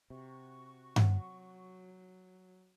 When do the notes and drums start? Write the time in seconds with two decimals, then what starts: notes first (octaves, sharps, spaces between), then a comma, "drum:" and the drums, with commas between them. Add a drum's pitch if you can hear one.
0.10 C3 F#4 C#6
0.96 F#3 F#5, drum: tom G2